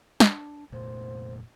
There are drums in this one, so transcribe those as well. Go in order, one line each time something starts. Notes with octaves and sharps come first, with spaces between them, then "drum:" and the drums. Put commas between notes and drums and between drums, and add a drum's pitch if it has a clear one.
D4, drum: snare
F1 A#2 A3 C5